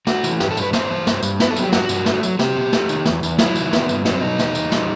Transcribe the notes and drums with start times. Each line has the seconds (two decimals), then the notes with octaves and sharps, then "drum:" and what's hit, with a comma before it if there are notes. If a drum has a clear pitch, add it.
0.07 A3 F#4, drum: snare
0.24 E3, drum: tambourine
0.40 G2 G4, drum: snare
0.51 A4
0.57 G2, drum: tambourine
0.62 B4
0.73 B3 C5, drum: snare
0.90 E3
1.07 G2, drum: snare
1.23 G2, drum: tambourine
1.40 B3 B4, drum: snare
1.51 A4
1.57 F#3, drum: tambourine
1.62 G4
1.72 G2 F#4, drum: snare
1.89 G2, drum: tambourine
2.06 A3, drum: snare
2.23 F#3, drum: tambourine
2.39 C4 G4, drum: snare
2.57 B2
2.73 A3, drum: snare
2.89 D#3, drum: tambourine
3.05 E2, drum: snare
3.23 E2, drum: tambourine
3.38 F#3 E4, drum: snare
3.56 D#3, drum: tambourine
3.73 B3, drum: snare
3.89 G2, drum: tambourine
4.05 F#3 D#4, drum: snare
4.13 C4
4.21 B2 D#4
4.39 E2, drum: snare
4.55 E2, drum: tambourine
4.72 G3, drum: snare